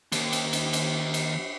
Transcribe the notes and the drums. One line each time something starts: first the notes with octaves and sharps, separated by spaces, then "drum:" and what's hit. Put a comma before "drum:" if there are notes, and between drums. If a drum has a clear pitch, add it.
D#2 D#3, drum: cymbal
drum: cymbal
drum: cymbal
drum: cymbal
drum: cymbal